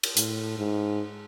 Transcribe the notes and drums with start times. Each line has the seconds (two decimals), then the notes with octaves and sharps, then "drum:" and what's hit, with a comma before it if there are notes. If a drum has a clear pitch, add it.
0.03 drum: cymbal
0.17 A2, drum: hi-hat
0.58 G#2